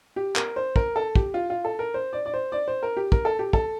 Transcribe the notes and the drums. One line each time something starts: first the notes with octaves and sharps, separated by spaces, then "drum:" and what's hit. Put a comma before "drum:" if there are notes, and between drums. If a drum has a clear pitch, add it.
G4
A#4, drum: clap
C5
A#4, drum: kick
A4
G4, drum: kick
F4
F4
A4
A#4
C5
D5
D5
C5
D5
C5
A#4
G4
A#4, drum: kick
A4
G4
A4, drum: kick